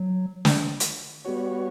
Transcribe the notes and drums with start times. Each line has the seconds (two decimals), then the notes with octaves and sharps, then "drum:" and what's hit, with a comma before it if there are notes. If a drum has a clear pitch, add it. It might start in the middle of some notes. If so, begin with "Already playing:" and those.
Already playing: F#3
0.45 drum: snare
0.80 drum: hi-hat
1.25 G3 B3 F#4 C#5